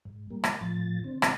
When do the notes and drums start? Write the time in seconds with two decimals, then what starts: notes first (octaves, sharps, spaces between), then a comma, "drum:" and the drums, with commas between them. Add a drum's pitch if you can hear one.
0.05 G#2
0.30 G3 A#3
0.44 drum: rim click
0.61 A2 F3 A6
1.04 D3 C4
1.22 drum: rim click